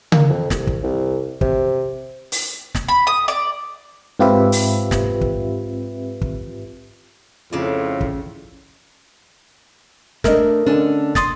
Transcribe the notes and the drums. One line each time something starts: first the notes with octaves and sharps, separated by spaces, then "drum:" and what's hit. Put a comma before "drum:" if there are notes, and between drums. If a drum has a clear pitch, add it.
A#3, drum: tom C#3
F2
C2, drum: snare
drum: kick
C2
C3, drum: kick
drum: open hi-hat
drum: snare
B5
D#6
D5
G#2 C4 F4 G4 B4 E5
drum: open hi-hat
drum: snare
drum: kick
drum: kick
F2 A2 C#3 F4 D5
drum: kick
A3 D4 A#4 D#5, drum: snare
D3 C#4 D4
C6 D#6 A6, drum: snare